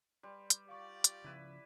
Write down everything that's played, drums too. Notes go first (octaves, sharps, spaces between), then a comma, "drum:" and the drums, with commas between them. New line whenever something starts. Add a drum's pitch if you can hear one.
G3 B4 C6
drum: hi-hat
F4 G4 D5 F5 C#6
drum: hi-hat
C#3 F3 E4 B4